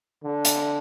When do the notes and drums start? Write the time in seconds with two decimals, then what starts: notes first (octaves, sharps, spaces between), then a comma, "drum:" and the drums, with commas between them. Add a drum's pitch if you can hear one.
0.24 D3
0.45 drum: hi-hat